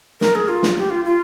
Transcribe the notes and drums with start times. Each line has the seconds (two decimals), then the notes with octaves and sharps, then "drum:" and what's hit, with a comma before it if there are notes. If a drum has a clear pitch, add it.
0.21 A#4, drum: snare
0.35 G#4
0.48 F4
0.63 drum: snare
0.77 G4
0.90 F4
1.05 F4